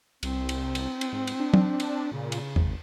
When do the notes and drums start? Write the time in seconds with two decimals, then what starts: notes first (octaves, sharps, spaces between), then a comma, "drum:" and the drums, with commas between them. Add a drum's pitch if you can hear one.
0.23 C2 C4, drum: cymbal
0.49 drum: cymbal
0.75 drum: cymbal
1.01 drum: cymbal
1.13 G#2
1.27 drum: cymbal
1.40 D4
1.54 drum: tom F#3
1.80 drum: cymbal
2.12 A#2 C#3
2.32 drum: cymbal
2.56 G#1, drum: tom E2